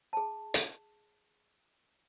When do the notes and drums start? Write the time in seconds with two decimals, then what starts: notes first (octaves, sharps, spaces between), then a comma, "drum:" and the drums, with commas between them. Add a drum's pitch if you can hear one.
0.13 G#4 A5
0.54 drum: hi-hat